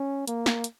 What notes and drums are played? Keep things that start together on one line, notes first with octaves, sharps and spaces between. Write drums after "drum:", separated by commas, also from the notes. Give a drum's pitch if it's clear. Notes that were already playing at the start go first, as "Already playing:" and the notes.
Already playing: C#4
A#3, drum: hi-hat
drum: snare
drum: hi-hat